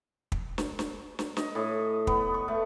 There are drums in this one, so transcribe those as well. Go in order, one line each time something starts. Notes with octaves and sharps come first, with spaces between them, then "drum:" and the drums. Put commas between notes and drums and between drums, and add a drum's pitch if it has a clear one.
drum: kick
drum: snare
drum: snare
drum: snare
D#5, drum: snare
A2
B3, drum: kick
C#6
A3